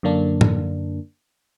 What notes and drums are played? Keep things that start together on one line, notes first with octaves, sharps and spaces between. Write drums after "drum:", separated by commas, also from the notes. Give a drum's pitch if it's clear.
F#2 D3 A#3 D4
drum: tom A2